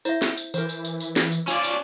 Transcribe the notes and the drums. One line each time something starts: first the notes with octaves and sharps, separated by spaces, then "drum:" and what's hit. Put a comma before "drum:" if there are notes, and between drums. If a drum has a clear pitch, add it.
E4 C5 E5, drum: tambourine
drum: snare
drum: tambourine
E3 A#4 C5, drum: tambourine
drum: tambourine
drum: tambourine
drum: tambourine
drum: snare
drum: tambourine
C#4 F4 D5 G#5, drum: tambourine
drum: tambourine